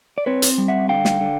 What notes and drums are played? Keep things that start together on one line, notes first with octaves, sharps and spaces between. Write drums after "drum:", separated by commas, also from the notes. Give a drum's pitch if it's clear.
D5
C4 B4 C#5
drum: hi-hat
G3
E5 F#5
D3 F5 G5
drum: snare
D3